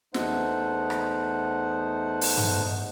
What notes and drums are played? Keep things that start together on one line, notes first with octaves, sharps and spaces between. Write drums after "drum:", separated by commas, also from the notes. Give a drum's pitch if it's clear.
E2 A3 D#4 C5 F#5, drum: snare
drum: rim click
drum: open hi-hat
drum: tom G2